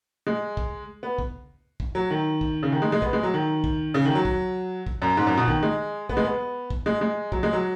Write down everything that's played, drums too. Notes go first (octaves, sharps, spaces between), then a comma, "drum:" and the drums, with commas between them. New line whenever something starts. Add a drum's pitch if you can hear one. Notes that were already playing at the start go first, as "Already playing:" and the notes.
G#3
drum: kick
B3
drum: kick
drum: kick
F#3
D#3
drum: kick
C#3
D#3
G#3
G#3
B3, drum: kick
G#3
F#3
D#3
drum: kick
C#3
D#3
F#3
drum: kick
drum: kick
F#2
G#2
F#2
B2
D#3, drum: kick
G#3
B3, drum: kick
G#3
B3
drum: kick
G#3
G#3
F#3, drum: kick
G#3
F#3